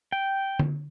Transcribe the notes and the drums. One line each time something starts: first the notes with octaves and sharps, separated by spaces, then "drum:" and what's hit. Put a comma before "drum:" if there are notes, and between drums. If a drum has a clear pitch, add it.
G5
drum: tom D3